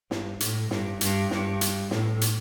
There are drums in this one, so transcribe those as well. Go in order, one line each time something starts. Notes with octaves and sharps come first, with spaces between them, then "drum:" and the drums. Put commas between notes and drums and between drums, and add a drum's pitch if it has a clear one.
G2, drum: snare
A2, drum: hi-hat
G2, drum: snare
G2, drum: hi-hat
G2, drum: snare
drum: hi-hat
A2, drum: snare
drum: hi-hat